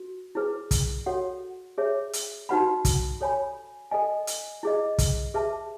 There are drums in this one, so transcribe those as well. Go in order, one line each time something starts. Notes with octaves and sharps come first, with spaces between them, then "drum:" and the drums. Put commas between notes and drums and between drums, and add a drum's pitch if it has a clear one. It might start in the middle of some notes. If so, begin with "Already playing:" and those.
Already playing: F#4
E4 G#4 B4
drum: kick, hi-hat
F#4 A4 C#5 F#5
G#4 C#5 E5
drum: hi-hat
D#4 F#4 B4 F#5 B5
drum: kick, hi-hat
A4 C#5 G#5 B5
A4 D#5 G#5
drum: hi-hat
E4 G#4 D#5
drum: kick, hi-hat
G#4 B4 E5 A5